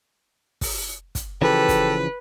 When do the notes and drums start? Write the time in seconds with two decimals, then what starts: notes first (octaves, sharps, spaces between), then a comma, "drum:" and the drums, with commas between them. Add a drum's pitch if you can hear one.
0.61 drum: kick, open hi-hat
1.15 drum: kick, hi-hat
1.42 C#3 E3 F3 G4 A4 B4
1.68 drum: kick, hi-hat